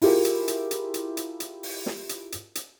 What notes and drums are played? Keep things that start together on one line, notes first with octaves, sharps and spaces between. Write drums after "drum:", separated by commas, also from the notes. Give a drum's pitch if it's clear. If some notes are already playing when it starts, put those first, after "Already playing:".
E4 F4 G4 G#4 A#4, drum: open hi-hat
drum: hi-hat
drum: hi-hat
drum: hi-hat
drum: hi-hat
drum: hi-hat
drum: hi-hat
drum: open hi-hat
drum: snare
drum: hi-hat
drum: hi-hat
drum: hi-hat